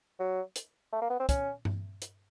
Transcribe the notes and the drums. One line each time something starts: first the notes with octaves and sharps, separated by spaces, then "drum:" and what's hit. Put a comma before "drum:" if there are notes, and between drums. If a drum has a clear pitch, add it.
F#3
drum: hi-hat
A3
A#3
B3
C4
C#4, drum: kick, hi-hat
drum: tom G2
drum: hi-hat